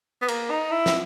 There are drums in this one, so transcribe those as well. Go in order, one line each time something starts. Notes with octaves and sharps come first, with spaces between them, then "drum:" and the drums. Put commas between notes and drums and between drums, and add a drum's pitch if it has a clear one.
B3
A#3, drum: cymbal
D#4
E4
drum: snare